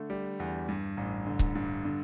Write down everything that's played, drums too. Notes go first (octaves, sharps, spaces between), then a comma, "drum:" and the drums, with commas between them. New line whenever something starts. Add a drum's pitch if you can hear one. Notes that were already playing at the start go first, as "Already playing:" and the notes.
Already playing: D3 A3
G3
E2
G2
A1
D3
drum: kick C#1
G2
D3